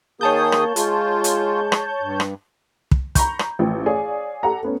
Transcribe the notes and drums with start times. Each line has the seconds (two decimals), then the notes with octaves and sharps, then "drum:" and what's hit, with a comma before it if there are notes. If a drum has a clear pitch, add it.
0.21 D#3 A#3 G#4 C#5 A5 D#6 G6
0.52 drum: rim click
0.76 G#3 F4, drum: hi-hat
1.24 drum: hi-hat
1.72 drum: rim click
2.01 G2
2.20 drum: rim click
2.91 drum: kick
3.15 A#5 B5 C#6 G6, drum: kick, hi-hat
3.39 drum: rim click
3.59 A1 F3 G5
3.86 G#4 C#5 D5 F5 G#5
4.43 G4 A4 F#5 A#5
4.63 A3 B3 C#4